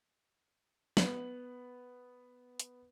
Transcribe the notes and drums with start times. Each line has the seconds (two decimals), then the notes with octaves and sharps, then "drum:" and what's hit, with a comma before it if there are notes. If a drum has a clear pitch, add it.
0.97 B3 F#7, drum: snare
2.60 drum: hi-hat